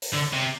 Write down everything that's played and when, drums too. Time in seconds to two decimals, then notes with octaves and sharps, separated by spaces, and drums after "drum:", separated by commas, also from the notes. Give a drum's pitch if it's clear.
0.02 drum: open hi-hat
0.14 D3
0.33 C3